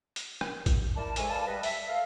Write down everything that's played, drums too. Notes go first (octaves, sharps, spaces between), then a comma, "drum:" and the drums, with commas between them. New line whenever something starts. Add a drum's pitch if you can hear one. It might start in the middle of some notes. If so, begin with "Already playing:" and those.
drum: hi-hat
drum: rim click
drum: kick, hi-hat
E4 A#4 D5 A5
G#2 G#3 A4 C#5 G#5, drum: hi-hat
B4 D5 F5 A5
G3 B4 D#5
E5, drum: open hi-hat
A4 F5